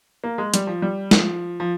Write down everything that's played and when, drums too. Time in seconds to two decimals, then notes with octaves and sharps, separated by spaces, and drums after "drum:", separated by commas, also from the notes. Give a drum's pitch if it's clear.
0.24 A#3
0.38 G#3
0.54 G3, drum: hi-hat
0.67 F3
0.82 G3
1.11 F3, drum: snare
1.60 F3